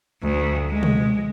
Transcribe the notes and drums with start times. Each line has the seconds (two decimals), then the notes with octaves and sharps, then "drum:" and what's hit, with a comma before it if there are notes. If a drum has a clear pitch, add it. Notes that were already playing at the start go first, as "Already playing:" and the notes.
0.21 D2
0.69 G#3
0.83 drum: tom